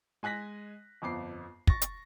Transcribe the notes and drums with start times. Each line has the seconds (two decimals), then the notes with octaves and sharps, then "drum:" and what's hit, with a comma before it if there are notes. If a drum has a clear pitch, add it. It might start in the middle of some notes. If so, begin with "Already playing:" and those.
0.23 G#3 G#5 F#6 A#6 B6
1.02 G1 F2 D6 C7
1.67 C#6 A6 A#6, drum: kick
1.82 drum: hi-hat